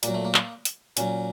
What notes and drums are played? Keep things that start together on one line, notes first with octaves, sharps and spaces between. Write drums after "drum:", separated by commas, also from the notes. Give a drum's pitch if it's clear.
A#2 F#3 A#3, drum: hi-hat
A3
A#3
drum: clap
drum: hi-hat
A#2 F#3 C#4, drum: hi-hat